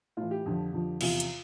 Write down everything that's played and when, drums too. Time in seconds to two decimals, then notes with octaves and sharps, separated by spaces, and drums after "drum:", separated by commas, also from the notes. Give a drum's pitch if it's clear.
0.17 A2 E3 F4
0.31 G4
0.46 F2 D3 F3
0.73 F2 D3 F3
1.01 E2 C3 F3 F4, drum: cymbal
1.20 drum: hi-hat